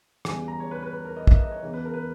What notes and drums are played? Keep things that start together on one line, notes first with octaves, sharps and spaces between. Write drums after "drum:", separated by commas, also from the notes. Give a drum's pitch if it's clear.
E2 C#3 E3 G3 G#5, drum: rim click
A#5
C#5
B4
B4
B4
A#4
D#5
E5, drum: kick
D#5
C#5
E2 C#3 E3
B4
A#4
B4